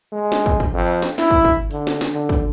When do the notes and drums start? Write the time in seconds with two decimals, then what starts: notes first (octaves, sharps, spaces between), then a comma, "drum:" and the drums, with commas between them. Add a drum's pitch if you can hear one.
0.12 G#3
0.32 drum: snare
0.46 drum: kick
0.60 drum: kick, hi-hat
0.74 F2
0.88 drum: hi-hat
1.02 drum: snare
1.18 E4, drum: snare
1.31 drum: kick
1.45 drum: kick, hi-hat
1.71 D3, drum: hi-hat
1.87 drum: snare
2.01 drum: snare
2.12 D3
2.29 drum: kick, hi-hat